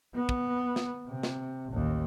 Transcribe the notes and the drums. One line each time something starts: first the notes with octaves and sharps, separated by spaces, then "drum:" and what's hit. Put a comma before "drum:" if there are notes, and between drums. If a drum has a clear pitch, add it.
B3
drum: kick
drum: snare
C3
drum: snare
A1 D#2